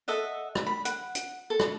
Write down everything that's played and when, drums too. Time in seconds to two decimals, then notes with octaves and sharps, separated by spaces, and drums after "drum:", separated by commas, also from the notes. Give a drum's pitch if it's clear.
0.08 A4 D#5 E5 F#5
0.55 drum: rim click
0.67 B5
0.85 F#5, drum: hi-hat
1.15 drum: hi-hat
1.50 A4
1.60 drum: rim click